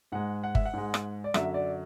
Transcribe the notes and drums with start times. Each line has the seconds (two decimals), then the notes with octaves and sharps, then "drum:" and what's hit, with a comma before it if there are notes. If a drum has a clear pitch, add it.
0.12 G#2 G#3 F#5
0.44 F#5
0.55 E5, drum: kick G1
0.66 F#5
0.73 G#2 G#3
0.94 drum: rim click
1.24 D5
1.34 F#2 D3 F#3 E5, drum: rim click
1.54 D5